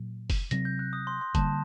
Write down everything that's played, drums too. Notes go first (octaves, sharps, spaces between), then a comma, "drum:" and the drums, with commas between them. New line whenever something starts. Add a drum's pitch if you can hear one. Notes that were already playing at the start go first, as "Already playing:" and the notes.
Already playing: A#2 F#3
drum: kick, open hi-hat
C3 F#3 C4 A#6, drum: hi-hat
G6
F#6
D#6
C6
C6
D3 G3 A#3 A5, drum: kick, hi-hat